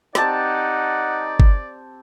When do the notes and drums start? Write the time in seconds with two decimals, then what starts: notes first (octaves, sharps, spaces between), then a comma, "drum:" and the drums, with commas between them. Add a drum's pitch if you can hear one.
0.15 C4 D#4 G4 D5 F#5 A5, drum: snare
1.40 drum: kick